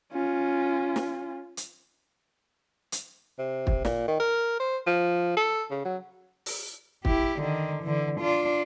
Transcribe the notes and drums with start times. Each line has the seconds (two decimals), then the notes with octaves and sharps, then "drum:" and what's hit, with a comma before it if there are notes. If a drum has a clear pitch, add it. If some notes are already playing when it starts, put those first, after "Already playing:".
0.13 C#4 F4
0.96 drum: snare
1.57 drum: hi-hat
2.92 drum: hi-hat
3.39 C3
3.67 drum: kick
3.85 A#2, drum: snare
4.08 D#3
4.20 A#4
4.60 C5
4.87 F3
5.37 A4
5.71 C#3
5.85 F#3
6.46 drum: open hi-hat
7.05 E4 G4, drum: kick
7.40 D3 D#3
7.83 D3 E3
8.19 D4 F4